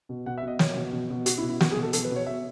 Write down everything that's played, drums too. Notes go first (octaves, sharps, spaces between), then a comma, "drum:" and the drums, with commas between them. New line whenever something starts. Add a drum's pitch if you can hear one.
B2
B2 F#5
E5
B2
D#5
B2 C#5, drum: snare
B2
B2
B2
B2 F#4, drum: hi-hat
E4
B2
E4
B2 F#4, drum: snare
G#4
B2
A4
B2 A4, drum: hi-hat
B4
B2
C#5
B2 E5